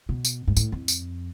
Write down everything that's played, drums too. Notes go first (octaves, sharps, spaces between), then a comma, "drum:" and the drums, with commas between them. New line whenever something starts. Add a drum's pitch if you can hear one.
B2
drum: tambourine
G#2
A2, drum: tambourine
F2
drum: tambourine